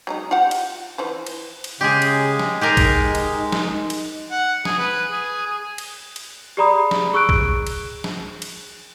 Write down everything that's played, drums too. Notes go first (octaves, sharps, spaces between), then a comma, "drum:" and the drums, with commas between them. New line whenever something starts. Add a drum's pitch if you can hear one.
F#3 G#3 D#4
F4 G4 F#5
drum: cymbal
E3 F3 C5
drum: cymbal
drum: cymbal
C#3 G#3 G4 G#4
drum: cymbal
drum: snare
D#4 G4 G#4 A#4
drum: kick, cymbal
drum: cymbal
drum: snare
drum: cymbal
F#5
G#4, drum: snare
B4
G#4
G#4
drum: cymbal
drum: cymbal
G4 G#4 D5 A#5 B5 D#6
drum: snare
G#4 C#6 E6 F#6 D7
drum: kick
drum: cymbal
drum: snare
drum: cymbal